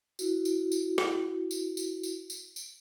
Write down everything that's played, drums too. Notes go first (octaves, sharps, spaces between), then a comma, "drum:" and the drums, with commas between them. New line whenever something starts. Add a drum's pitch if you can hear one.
E4 F#4, drum: tambourine
drum: tambourine
drum: tambourine
drum: snare
drum: tambourine
drum: tambourine
drum: tambourine
drum: tambourine
drum: tambourine